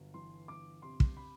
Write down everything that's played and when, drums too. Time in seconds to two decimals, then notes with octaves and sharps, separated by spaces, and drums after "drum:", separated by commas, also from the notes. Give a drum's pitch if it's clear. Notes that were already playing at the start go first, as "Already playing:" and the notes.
Already playing: G1 F#3
0.14 E3 C6
0.48 G1 D6
0.82 C3 C6
1.00 drum: kick
1.17 B5